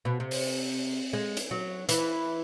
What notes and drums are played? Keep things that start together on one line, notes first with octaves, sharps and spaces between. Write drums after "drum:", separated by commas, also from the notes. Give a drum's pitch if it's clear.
B2
C3
drum: open hi-hat
G#3
drum: hi-hat
F#3
E3, drum: hi-hat